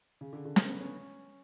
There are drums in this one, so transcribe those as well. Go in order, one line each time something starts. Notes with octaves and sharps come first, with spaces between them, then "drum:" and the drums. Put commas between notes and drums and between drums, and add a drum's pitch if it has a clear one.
C#3
D3
D3
B3, drum: snare
B3
C#4